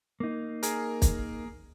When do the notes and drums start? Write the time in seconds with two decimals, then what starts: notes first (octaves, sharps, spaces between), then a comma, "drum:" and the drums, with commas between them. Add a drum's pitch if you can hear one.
0.20 A#3 D#4
0.63 G#4 A#4, drum: hi-hat
1.02 drum: kick, hi-hat